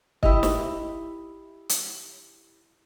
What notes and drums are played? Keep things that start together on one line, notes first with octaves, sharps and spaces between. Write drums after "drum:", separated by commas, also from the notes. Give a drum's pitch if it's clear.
E4 G4 D#5, drum: kick
drum: snare
drum: hi-hat